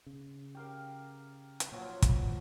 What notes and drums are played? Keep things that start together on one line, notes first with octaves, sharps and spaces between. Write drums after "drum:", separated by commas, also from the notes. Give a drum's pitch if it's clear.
C#3
G4 A#4 F5
drum: hi-hat
A#2 F3 F#3
drum: kick, hi-hat